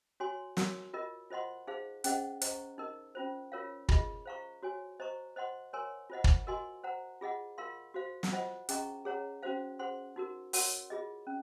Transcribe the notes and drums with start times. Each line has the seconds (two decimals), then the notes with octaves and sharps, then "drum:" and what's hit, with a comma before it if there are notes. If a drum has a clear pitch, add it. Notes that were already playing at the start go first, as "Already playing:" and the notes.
0.20 F#4 C#5 G#5 C6
0.57 F#4 A#4 C#5, drum: snare
0.94 F4 A#4 D#5
1.31 F4 C5 D#5 F#5 C6
1.67 D#4 G#4 C5 F5
2.04 C#4 G#4 C5 D#5 F#5, drum: hi-hat
2.41 C5 D#5 A#5 C#6, drum: hi-hat
2.78 D#4 A#4 D#5
3.15 C#4 F4 C5
3.52 F4 A#4 C#5 F5
3.89 F4 G#4 D#5, drum: kick
4.26 C5 F5 A#5 C#6
4.63 F#4 C#5 G#5
5.00 C5 D#5 A#5 C#6
5.36 C5 D#5 F#5 C6
5.73 A#4 C#5 G#5 C6
6.10 F4 C5 D#5 F#5
6.24 drum: kick
6.47 F#4 A#4 D#5 G#5 C6
6.84 C5 F#5 A#5
7.21 F4 G#4 D#5 F#5
7.58 F4 A#4 F5 C6
7.94 F#4 C5 F5
8.23 drum: snare
8.32 F4 C5 D#5 F#5
8.69 C#4 G#4 D#5 A#5 C#6, drum: hi-hat
9.05 G#4 C#5 F#5 A#5
9.43 C#4 F#4 C5 F5
9.79 G#4 C5 F#5 C6
10.16 D#4 F#4 A#4
10.53 F#4 A#4 C#5 F#5 C6, drum: open hi-hat
10.90 F4 G#4 D#5
11.27 C#4